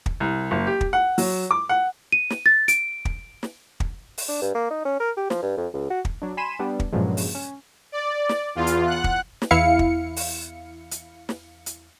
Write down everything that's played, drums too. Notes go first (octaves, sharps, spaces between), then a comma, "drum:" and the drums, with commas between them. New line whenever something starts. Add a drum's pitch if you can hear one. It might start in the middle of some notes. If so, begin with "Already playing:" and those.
drum: kick
C2
F#1
G4
drum: kick
F#5
F#3, drum: open hi-hat
D6
F#5
D#7
drum: snare
A6
D7, drum: hi-hat
drum: kick
drum: snare
drum: kick
drum: open hi-hat
D4
G2
A#3
D#4
C#4
A#4
G4
F3, drum: snare
G2
F2
C#2
F#4
drum: kick
F#3 D4
G#5 B5 C6 B6 D#7 E7
G3 B3 D4
drum: kick
G2 A#2 C#3 F3 F#3 G#3
drum: open hi-hat
C#4
D5
drum: snare
E2 F4
drum: hi-hat
F#5 F#6
drum: kick
drum: snare
E2 E4 F5 C#7
drum: kick
drum: open hi-hat
drum: hi-hat
drum: snare
drum: hi-hat